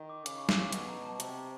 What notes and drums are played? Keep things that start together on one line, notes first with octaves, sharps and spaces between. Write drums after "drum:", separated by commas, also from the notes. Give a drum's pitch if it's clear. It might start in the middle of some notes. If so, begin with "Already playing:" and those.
Already playing: D#3
D6
C#3 D6, drum: hi-hat
C#6
D6, drum: snare
D6
B2 D6, drum: hi-hat
A#5
A5
C3 A5, drum: hi-hat
A#5